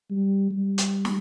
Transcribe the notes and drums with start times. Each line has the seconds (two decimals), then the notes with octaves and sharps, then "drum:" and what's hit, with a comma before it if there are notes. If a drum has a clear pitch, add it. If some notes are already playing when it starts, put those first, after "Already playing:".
0.10 G3
0.51 G3
0.78 drum: hi-hat
1.05 drum: snare